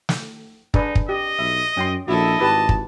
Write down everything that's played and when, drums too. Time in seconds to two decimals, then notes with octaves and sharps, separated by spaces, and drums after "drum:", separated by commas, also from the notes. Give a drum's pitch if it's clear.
0.09 drum: snare
0.74 D4 D#4 G#4 B4, drum: kick
0.95 drum: kick
1.09 G4 D#5
1.39 B1 E5
1.77 F#2 C#4 G5 C6
2.08 A#1 E4 F#4 A4 D#5
2.40 G#1 E4 G4 B4 A5
2.69 drum: kick